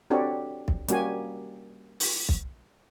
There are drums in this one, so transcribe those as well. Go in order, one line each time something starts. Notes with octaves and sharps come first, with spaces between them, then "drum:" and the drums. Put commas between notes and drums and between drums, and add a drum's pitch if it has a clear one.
C4 D4 F#4 G4 A4 C#5
drum: kick
G3 A#3 C#4 F#4 G4 G#5, drum: hi-hat
drum: open hi-hat
drum: kick